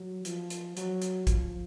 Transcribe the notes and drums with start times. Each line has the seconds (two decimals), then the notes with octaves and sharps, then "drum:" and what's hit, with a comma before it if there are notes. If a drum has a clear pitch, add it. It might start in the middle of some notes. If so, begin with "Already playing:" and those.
Already playing: F#3
0.25 F3, drum: hi-hat
0.50 drum: hi-hat
0.77 F#3, drum: hi-hat
1.02 drum: hi-hat
1.27 F3, drum: kick, hi-hat